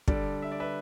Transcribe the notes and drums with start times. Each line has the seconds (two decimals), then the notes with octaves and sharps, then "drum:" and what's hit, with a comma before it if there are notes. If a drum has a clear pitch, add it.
0.08 D3 G3 A4 D5, drum: kick
0.42 E5
0.52 D5
0.60 B4 E5